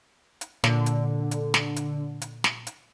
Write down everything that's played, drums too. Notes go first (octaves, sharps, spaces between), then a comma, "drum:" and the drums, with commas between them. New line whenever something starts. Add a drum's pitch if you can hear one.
drum: hi-hat
A#2 D3, drum: snare
drum: hi-hat
drum: hi-hat
drum: snare
drum: hi-hat
drum: hi-hat
drum: snare
drum: hi-hat